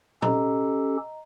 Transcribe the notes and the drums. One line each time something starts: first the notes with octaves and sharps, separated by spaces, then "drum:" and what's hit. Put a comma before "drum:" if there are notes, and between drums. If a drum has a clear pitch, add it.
C#4 G4 A4 D#5 A#5, drum: tom A#2